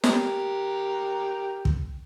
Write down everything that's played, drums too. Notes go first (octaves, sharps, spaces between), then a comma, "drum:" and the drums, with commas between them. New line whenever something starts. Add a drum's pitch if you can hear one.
G4 A#4, drum: snare
drum: kick